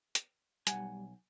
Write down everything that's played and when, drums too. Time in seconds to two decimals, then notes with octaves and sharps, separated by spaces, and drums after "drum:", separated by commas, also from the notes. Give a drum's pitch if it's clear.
0.15 drum: hi-hat
0.67 B1 G3 F#5 G#5, drum: hi-hat